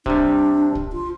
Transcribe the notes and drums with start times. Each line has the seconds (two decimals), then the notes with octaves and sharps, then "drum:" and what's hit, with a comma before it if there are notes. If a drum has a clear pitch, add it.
0.06 C3 G3 D4, drum: kick
0.75 drum: kick
0.93 F4